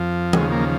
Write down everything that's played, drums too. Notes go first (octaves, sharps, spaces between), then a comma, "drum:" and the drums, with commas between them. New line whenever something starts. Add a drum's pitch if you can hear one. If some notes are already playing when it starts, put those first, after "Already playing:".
Already playing: F2 F3
D#2 C#3 F3 G#3, drum: tom E3
A#3